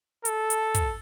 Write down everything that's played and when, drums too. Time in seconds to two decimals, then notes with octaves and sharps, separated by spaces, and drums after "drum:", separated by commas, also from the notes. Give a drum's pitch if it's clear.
0.25 A4, drum: hi-hat
0.50 drum: hi-hat
0.74 drum: kick, hi-hat